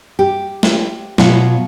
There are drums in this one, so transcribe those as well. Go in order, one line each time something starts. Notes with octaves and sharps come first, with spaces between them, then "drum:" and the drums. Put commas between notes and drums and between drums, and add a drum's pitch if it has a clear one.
G4
drum: snare
B2 F#3 F4 F#5, drum: snare